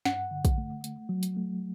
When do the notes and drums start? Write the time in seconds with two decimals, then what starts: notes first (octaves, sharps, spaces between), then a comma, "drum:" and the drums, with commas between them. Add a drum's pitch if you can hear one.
0.05 G2 F#5, drum: snare
0.31 D3
0.45 drum: kick, hi-hat
0.58 A3
0.84 A3, drum: hi-hat
1.09 F#3
1.23 drum: hi-hat
1.36 A3